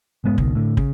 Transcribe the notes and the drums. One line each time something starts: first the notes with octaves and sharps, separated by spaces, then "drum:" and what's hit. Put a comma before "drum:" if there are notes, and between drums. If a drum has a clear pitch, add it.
F1 G#2 G#3 B3
C#2 B2 D#3, drum: kick
A2 D3
C#3, drum: kick